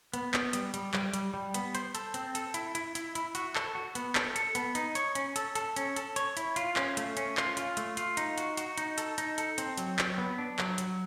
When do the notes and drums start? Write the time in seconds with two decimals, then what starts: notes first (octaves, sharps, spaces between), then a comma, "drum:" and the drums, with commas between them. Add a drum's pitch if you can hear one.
0.14 B3, drum: hi-hat
0.34 B3, drum: clap
0.53 G3, drum: hi-hat
0.74 G3, drum: hi-hat
0.94 G3, drum: clap
1.14 G3, drum: hi-hat
1.34 G3
1.54 B3, drum: hi-hat
1.75 C5, drum: hi-hat
1.95 A4, drum: hi-hat
2.14 C4, drum: hi-hat
2.35 A4, drum: hi-hat
2.54 E4, drum: hi-hat
2.75 E4, drum: hi-hat
2.95 E4, drum: hi-hat
3.15 E4, drum: hi-hat
3.35 F#4, drum: hi-hat
3.55 A4, drum: clap
3.75 F#4
3.95 B3, drum: hi-hat
4.15 A4, drum: clap
4.36 A4, drum: hi-hat
4.55 B3, drum: hi-hat
4.75 D#4, drum: hi-hat
4.95 C#5, drum: hi-hat
5.15 C#4, drum: hi-hat
5.36 A4, drum: hi-hat
5.55 A4, drum: hi-hat
5.76 C#4, drum: hi-hat
5.96 A4, drum: hi-hat
6.16 C#5, drum: hi-hat
6.37 E4, drum: hi-hat
6.56 F4, drum: hi-hat
6.76 C#4, drum: clap
6.97 A3, drum: hi-hat
7.17 C#4, drum: hi-hat
7.37 F4, drum: clap
7.57 F4, drum: hi-hat
7.77 A3, drum: hi-hat
7.97 F4, drum: hi-hat
8.17 D#4, drum: hi-hat
8.38 F#4, drum: hi-hat
8.57 F#4, drum: hi-hat
8.78 D#4, drum: hi-hat
8.98 A4, drum: hi-hat
9.18 D#4, drum: hi-hat
9.38 A4, drum: hi-hat
9.58 C4, drum: hi-hat
9.78 F#3, drum: hi-hat
9.99 F#3, drum: clap
10.18 B3
10.38 D4
10.59 F#3, drum: clap
10.78 F#3, drum: hi-hat